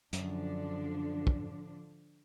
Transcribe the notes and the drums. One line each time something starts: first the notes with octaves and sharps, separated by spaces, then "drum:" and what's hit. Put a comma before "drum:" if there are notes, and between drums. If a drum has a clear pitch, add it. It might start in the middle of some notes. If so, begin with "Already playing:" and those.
F#2 D3 F3 D4, drum: hi-hat
drum: kick